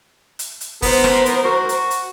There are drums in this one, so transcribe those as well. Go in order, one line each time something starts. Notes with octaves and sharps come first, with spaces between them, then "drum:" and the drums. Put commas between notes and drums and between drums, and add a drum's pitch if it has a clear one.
drum: hi-hat
drum: hi-hat
B3 A#4 C5, drum: kick F1, open hi-hat
drum: rim click
drum: hi-hat
F#4
drum: hi-hat
drum: hi-hat